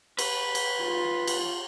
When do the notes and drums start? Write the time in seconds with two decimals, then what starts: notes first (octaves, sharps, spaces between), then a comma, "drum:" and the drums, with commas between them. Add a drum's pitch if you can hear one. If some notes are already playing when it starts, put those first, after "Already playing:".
0.19 B4, drum: cymbal
0.55 drum: cymbal
0.83 F4
1.27 drum: cymbal